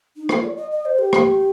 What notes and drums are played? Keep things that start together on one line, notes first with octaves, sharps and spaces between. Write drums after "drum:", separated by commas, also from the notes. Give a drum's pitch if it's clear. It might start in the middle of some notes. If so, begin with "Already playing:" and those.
D#4
F4, drum: rim click
D5
D#5
D#5
C5
G4
drum: rim click